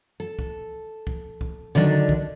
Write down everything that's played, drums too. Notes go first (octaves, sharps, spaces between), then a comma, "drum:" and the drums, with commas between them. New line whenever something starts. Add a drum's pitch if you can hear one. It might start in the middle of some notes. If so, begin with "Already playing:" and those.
A4
drum: kick C2
drum: kick C2
drum: kick C2
D3 D#3 F#3 D4
drum: kick C2